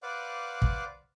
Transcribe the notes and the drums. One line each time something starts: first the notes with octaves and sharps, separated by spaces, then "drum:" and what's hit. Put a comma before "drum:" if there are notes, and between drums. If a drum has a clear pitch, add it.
B4 C5 D5 F5 F#5 D6
drum: kick